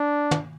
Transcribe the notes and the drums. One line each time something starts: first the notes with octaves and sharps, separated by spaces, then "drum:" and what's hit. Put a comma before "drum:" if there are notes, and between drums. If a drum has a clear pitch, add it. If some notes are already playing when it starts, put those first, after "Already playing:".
Already playing: D4
drum: tom